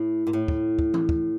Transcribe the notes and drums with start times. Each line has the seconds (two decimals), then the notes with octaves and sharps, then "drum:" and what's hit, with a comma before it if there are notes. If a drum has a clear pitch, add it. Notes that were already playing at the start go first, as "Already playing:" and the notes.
Already playing: A2
0.27 A#2
0.33 A2
0.48 drum: kick
0.79 drum: kick
0.94 drum: tom E3
1.09 drum: kick